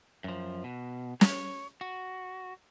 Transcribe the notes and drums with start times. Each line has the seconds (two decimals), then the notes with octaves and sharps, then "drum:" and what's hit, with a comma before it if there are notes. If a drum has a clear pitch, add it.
0.24 F#2 F3
0.64 B2
1.21 C#5, drum: snare
1.81 F#4